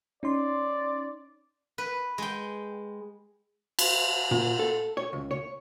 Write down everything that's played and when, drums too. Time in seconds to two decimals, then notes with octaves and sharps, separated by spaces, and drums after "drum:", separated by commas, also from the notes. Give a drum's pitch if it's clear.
0.23 C#4 D#4 D5 C6
1.78 B4
2.18 G#3 G5
3.79 drum: cymbal
4.31 A#2
4.59 A4
4.97 C#5
5.13 C#2
5.31 C#5